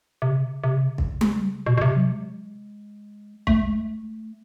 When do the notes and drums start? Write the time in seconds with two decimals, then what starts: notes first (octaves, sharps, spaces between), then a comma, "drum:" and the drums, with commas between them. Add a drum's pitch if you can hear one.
0.22 C3
0.31 C#3
0.64 C3
0.76 C#3
0.98 drum: kick
1.21 drum: tom G3
1.66 B2
1.78 B2
1.81 C3
1.97 F#3
2.12 G#3
3.47 A3, drum: kick
3.61 G#3
3.74 A3